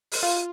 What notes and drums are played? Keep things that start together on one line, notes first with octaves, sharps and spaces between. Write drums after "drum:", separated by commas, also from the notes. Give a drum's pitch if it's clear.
drum: open hi-hat
F4